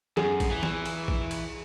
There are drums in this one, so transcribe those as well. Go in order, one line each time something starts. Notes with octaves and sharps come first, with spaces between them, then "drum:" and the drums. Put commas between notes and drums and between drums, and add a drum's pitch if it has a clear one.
F#2 G#4, drum: snare
drum: kick, cymbal
E3
drum: snare
drum: cymbal
drum: kick
drum: cymbal